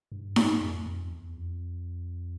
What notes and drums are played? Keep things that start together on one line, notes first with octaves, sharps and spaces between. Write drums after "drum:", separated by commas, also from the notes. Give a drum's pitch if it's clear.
G2
A2, drum: snare D#4
F2
F2
E2
F2